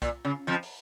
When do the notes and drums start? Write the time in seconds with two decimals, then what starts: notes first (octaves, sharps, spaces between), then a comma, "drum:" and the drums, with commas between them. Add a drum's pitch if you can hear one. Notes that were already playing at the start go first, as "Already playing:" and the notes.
0.02 A#2, drum: kick, hi-hat
0.25 C#3
0.47 F2 F3
0.63 drum: open hi-hat